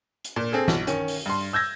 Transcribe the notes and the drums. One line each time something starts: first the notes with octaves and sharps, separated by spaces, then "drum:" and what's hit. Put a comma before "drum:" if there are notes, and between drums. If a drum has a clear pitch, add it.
drum: hi-hat
A#2
C4 G#4 A4
B1, drum: snare
D#3 C#4, drum: hi-hat
drum: open hi-hat
G2 C6
E6 G6 G#6 A#6